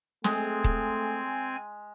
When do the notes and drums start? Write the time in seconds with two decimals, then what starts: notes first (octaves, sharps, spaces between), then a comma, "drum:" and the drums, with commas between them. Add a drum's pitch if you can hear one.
0.24 G#3 A3 C4 G#5, drum: snare
0.64 drum: kick D#1